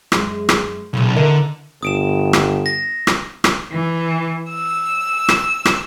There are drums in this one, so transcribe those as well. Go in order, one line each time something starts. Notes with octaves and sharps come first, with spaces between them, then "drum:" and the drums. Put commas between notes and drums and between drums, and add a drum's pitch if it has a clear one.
F#2 G#3, drum: rim click
drum: rim click
B1 A#2 C#3
E2 D3 A#4 D#5
G1 D#6 D7 E7
drum: rim click
A#6
drum: rim click
drum: rim click
E3
E6
drum: rim click
drum: rim click